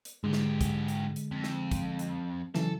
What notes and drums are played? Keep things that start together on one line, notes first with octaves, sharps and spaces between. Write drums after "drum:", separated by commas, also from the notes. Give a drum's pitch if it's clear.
drum: hi-hat
G#2 D3 G#3 G4
drum: snare
drum: kick, hi-hat
drum: hi-hat
drum: hi-hat
F2
drum: snare
drum: kick, hi-hat
drum: hi-hat
C#3 E3 F#3 A4, drum: snare